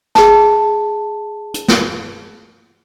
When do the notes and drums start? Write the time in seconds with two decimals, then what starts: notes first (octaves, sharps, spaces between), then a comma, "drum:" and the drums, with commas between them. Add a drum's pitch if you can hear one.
0.15 G#4 A5, drum: snare
1.54 drum: hi-hat
1.68 drum: snare